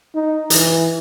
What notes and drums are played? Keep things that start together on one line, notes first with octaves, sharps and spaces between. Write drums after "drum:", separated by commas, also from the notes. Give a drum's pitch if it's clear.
D#4
E3, drum: hi-hat